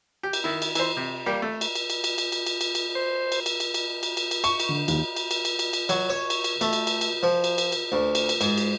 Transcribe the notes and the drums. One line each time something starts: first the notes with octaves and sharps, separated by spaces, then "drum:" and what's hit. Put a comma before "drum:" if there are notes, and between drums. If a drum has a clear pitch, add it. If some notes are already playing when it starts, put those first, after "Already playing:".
G4
drum: cymbal
D#3 E4
drum: cymbal
E3 C5, drum: cymbal
C3
G3 A#3 G4
A3
drum: cymbal
drum: cymbal
drum: cymbal
drum: cymbal
drum: cymbal
drum: cymbal
drum: cymbal
drum: cymbal
drum: cymbal
C5
drum: cymbal
drum: cymbal
drum: cymbal
drum: cymbal
drum: cymbal
drum: cymbal
drum: cymbal
C#6, drum: cymbal
drum: cymbal
D3
D#2, drum: cymbal
drum: cymbal
drum: cymbal
drum: cymbal
drum: cymbal
drum: cymbal
F#3, drum: cymbal
C#5
drum: cymbal
drum: cymbal
A3, drum: cymbal
drum: cymbal
drum: cymbal
drum: cymbal
F3
drum: cymbal
drum: cymbal
drum: cymbal
D2
drum: cymbal
drum: cymbal
G#2, drum: cymbal
drum: cymbal